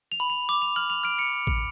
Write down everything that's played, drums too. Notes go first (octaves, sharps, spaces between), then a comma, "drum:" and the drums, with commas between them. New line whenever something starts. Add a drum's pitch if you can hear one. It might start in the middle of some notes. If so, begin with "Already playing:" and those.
F7
B5
F7
D6
F7
F6 F#7
F7
F6 D7
C#7
drum: kick A1